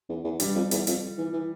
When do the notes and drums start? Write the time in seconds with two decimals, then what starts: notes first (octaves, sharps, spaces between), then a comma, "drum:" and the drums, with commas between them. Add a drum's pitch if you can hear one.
0.09 E2
0.24 E2
0.40 G2 G3, drum: hi-hat
0.55 F2
0.71 E2, drum: hi-hat
0.87 F2, drum: hi-hat
1.18 E3
1.33 E3